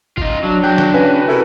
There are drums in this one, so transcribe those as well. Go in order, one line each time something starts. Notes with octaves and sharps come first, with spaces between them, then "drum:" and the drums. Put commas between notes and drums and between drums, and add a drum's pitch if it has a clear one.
D#4 F4, drum: kick
F#3 D4
F#3 F#4 G5 F#6
drum: snare
C#3 B4 G#5
C3 E4 A4 A#4